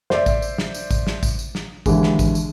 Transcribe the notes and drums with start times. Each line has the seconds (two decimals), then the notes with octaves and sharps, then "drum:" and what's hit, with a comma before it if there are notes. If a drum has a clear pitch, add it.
0.10 C5 D5 E5, drum: snare
0.26 drum: kick A1, tambourine
0.42 drum: tambourine
0.58 drum: snare
0.74 drum: tambourine
0.91 drum: kick A1, tambourine
1.07 drum: snare
1.23 drum: kick A1, tambourine
1.39 drum: tambourine
1.55 drum: snare
1.86 D#2 D3 E3 G#3, drum: kick A1, tambourine
2.03 drum: snare
2.19 drum: kick A1, tambourine
2.35 drum: tambourine